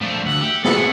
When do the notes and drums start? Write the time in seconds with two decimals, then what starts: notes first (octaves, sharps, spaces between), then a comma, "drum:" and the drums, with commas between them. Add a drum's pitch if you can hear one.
0.01 F3 A3 D4
0.26 D2 E5 F#5
0.41 G4
0.64 B3 G#4 A4, drum: snare
0.77 C3 A3